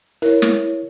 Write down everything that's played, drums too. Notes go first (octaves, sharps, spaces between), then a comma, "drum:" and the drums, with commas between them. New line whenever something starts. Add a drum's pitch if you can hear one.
E4 A#4 C#5
drum: snare